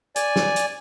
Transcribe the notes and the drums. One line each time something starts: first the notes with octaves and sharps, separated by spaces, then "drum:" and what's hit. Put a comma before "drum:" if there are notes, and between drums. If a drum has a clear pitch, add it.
D5 G#5, drum: hi-hat
drum: snare
drum: hi-hat